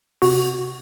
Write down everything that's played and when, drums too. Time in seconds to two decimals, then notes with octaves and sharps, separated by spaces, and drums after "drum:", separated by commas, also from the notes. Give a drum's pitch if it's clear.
0.22 C3 F#4, drum: open hi-hat